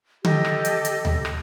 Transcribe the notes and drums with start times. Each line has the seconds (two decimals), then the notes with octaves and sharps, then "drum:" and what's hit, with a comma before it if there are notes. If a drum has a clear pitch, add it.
0.25 G4 A4 D#5, drum: tom D3
0.45 drum: rim click
0.65 drum: hi-hat
0.85 drum: hi-hat
1.05 drum: tom D2
1.25 drum: rim click